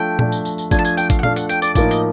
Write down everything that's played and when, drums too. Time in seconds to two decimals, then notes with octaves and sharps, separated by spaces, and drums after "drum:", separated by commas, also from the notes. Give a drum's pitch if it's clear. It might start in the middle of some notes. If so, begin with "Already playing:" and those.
Already playing: F3 A3 D4 G5
0.19 F3 A3 D4, drum: tom A#2
0.32 drum: tambourine
0.45 drum: tambourine
0.58 drum: tambourine
0.71 F3 A3 D4 G#5, drum: kick G#1, tambourine
0.79 A5
0.85 G#5, drum: tambourine
0.97 G5, drum: tambourine
1.10 F5, drum: kick G#1, tambourine
1.19 F#5
1.23 F3 A3 D4 F5, drum: tom A#2
1.36 F#5, drum: tambourine
1.49 G5, drum: tambourine
1.62 D5, drum: tambourine
1.75 A2 F3 A#3 D#4 D5, drum: kick G#1, tambourine
1.91 D#5, drum: tambourine